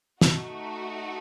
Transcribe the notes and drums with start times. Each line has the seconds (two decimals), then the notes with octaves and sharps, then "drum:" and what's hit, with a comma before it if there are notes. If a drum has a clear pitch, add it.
0.21 A3 D#4 F#4, drum: snare